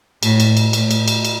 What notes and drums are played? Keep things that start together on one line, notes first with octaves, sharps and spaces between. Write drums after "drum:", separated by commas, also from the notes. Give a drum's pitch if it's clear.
A2, drum: cymbal
drum: cymbal
drum: cymbal
A2, drum: cymbal
drum: cymbal
drum: cymbal
drum: cymbal